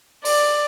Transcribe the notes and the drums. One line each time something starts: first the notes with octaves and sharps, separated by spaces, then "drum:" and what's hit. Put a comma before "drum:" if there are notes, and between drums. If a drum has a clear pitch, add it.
D5, drum: open hi-hat